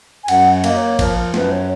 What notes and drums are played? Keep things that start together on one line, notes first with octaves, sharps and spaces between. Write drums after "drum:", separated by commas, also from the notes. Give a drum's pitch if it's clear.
G#5
F#2 F#5, drum: cymbal
A#3 D#5, drum: cymbal
C#5
F3 A#4, drum: kick, cymbal
A#4
F#2 B4, drum: snare
C#5